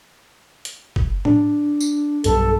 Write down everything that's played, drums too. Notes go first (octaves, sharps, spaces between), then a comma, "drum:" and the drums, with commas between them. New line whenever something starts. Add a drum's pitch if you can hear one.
drum: hi-hat
drum: kick
D4, drum: tom A2
drum: tambourine
B1 G2 A4, drum: hi-hat